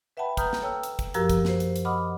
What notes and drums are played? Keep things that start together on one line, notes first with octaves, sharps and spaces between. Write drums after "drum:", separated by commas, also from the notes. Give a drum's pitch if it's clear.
B4 E5 F#5 G5 A5 B5
B4 A#5 D#6 F6 G6, drum: kick, hi-hat
drum: snare
A4 C#5 G5 A5 E6 F6
drum: hi-hat
drum: kick, hi-hat
F#2 F3 F#4 G4 A#4 E6, drum: hi-hat
drum: kick, hi-hat
F#4 C5, drum: snare
drum: hi-hat
drum: hi-hat
D#5 F#5 B5 D6 D#6 F6